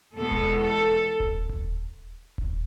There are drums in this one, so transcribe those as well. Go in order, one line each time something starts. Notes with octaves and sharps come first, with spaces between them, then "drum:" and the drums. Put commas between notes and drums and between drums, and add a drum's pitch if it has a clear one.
E2 B2 G#3 B3 A4
drum: kick D#1
A4
drum: kick D#1
drum: kick D#1
drum: kick D#1